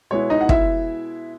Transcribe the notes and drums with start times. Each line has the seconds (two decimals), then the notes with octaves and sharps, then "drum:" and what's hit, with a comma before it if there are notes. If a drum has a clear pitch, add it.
0.11 B2 G#3 B3 E4 C#5
0.30 D#4 D#5
0.41 F#5
0.49 E4 E5, drum: kick